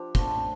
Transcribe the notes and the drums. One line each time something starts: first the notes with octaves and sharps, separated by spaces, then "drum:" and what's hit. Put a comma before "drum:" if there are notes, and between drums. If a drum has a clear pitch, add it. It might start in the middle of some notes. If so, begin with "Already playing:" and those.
Already playing: F3 D4 G4
D3 A3 C4 F4, drum: kick, hi-hat